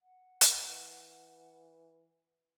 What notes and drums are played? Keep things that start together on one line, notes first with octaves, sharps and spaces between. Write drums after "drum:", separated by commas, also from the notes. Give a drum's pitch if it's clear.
F#5
drum: hi-hat
E3